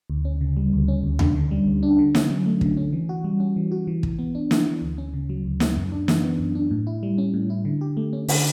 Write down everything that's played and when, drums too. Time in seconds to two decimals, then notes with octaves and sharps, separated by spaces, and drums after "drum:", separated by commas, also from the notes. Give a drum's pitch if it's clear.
0.10 D2
0.25 C#4
0.41 C#3
0.57 G3
0.73 D2
0.88 C#4
1.04 D2
1.19 D4, drum: tom D#2
1.36 D3
1.51 G3
1.67 D2
1.83 D4
1.99 D3
2.15 C#4, drum: snare
2.30 F#3
2.46 A3
2.61 D3, drum: kick
2.77 C#4
2.93 E3
3.09 F#4
3.24 G3
3.40 C#4
3.56 E3
3.72 F#4
3.87 E3
4.03 E3, drum: kick
4.19 B3
4.35 D4
4.51 E3, drum: snare
4.67 E3
4.82 D2
4.98 C#4
5.14 C#3
5.29 F#3
5.45 D2
5.60 C#4, drum: snare
5.76 F#2
5.92 D4
6.08 E3, drum: snare
6.24 B3
6.39 F#2
6.55 D4
6.71 A2
6.87 E4
7.03 G3
7.18 C#4
7.34 A2
7.50 E4
7.65 D3
7.81 G4
7.97 A3
8.13 C#4
8.28 D3, drum: open hi-hat